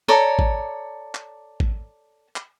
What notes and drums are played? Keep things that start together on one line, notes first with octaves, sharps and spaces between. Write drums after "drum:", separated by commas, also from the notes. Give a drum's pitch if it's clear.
A4 C#5 D5 A#5
drum: kick
drum: clap
drum: kick
drum: clap